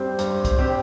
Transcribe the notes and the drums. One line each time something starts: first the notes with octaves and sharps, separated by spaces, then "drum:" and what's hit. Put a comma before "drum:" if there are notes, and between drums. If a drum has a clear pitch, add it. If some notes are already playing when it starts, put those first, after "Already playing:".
Already playing: G2 G3 C4 G4 C5
G2, drum: hi-hat
drum: kick, hi-hat
G3 C4 G4